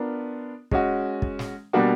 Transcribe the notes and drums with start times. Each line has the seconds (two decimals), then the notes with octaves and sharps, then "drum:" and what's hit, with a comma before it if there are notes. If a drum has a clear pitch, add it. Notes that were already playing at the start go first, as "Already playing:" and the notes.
Already playing: B3 D4 F4 A#4
0.71 G#3 C#4 F#4, drum: kick
1.22 drum: kick
1.39 drum: snare
1.73 B2 G3 A#3 D4 F#4